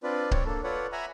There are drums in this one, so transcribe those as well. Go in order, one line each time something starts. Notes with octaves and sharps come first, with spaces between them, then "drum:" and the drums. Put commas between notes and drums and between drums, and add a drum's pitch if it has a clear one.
C4 D4 F4 B4 D5
C4 C#5 D5, drum: kick C#1
A#3 D4 A4
F4 A4 B4 C#5 D5 F#5
E5 F#5 G#5 A#5 B5